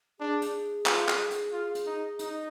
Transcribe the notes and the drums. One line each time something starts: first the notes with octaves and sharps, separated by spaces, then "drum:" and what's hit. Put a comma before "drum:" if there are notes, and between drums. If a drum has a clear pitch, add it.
D4 G#4
drum: hi-hat
F4, drum: clap
drum: clap
drum: hi-hat
F4
drum: hi-hat
D#4
D#4, drum: hi-hat